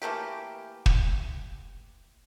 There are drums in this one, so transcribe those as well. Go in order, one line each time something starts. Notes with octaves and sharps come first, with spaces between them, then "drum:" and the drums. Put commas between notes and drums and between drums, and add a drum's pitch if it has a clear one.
E3 A3 A#3 G4
drum: kick